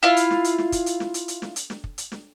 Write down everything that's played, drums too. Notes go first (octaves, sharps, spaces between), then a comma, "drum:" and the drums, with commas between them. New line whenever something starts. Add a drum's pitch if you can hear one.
E4 F4 F5
drum: hi-hat
drum: snare
drum: hi-hat
drum: snare
drum: kick, hi-hat
drum: hi-hat
drum: snare
drum: hi-hat
drum: hi-hat
drum: snare
drum: hi-hat
drum: snare
drum: kick
drum: hi-hat
drum: snare